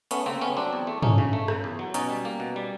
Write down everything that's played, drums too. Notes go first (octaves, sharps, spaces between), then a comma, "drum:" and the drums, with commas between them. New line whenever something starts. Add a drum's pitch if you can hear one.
A3 B3 C#4, drum: hi-hat
C#3 A#3 C4
A3 B3 C#4
F#3 C4 D4
E2
A3
A3 C#4 D#4, drum: tom
C#3
A3
C#3, drum: rim click
E2
F#3
B2 C#4 D#4, drum: hi-hat
G3
A#3
B2
G3